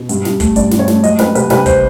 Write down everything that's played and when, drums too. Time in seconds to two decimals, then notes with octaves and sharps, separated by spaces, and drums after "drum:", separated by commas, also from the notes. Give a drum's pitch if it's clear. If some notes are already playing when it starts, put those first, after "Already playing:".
Already playing: B2
0.09 G2, drum: hi-hat
0.25 G2, drum: snare
0.40 A3, drum: kick, hi-hat
0.56 G2 D5, drum: hi-hat
0.71 G2, drum: snare
0.79 C#5
0.88 A3, drum: snare
1.04 F#3 D#5, drum: hi-hat
1.19 F#3 B4, drum: snare
1.35 C2 B4, drum: hi-hat
1.50 C2 B4, drum: snare
1.66 C5, drum: kick, hi-hat